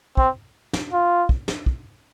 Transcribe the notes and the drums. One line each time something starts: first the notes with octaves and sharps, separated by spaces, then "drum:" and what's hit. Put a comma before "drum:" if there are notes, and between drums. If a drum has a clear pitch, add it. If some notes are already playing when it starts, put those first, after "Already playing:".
C4, drum: kick
drum: snare
F4
drum: kick
drum: snare
drum: kick